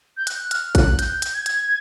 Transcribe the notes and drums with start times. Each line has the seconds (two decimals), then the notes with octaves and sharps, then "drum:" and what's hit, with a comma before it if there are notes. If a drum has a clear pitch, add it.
0.17 G6
0.27 F#6, drum: hi-hat
0.51 F6, drum: hi-hat
0.75 F#6, drum: kick A1, hi-hat
0.99 G6, drum: hi-hat
1.22 drum: hi-hat
1.34 G#6
1.46 drum: hi-hat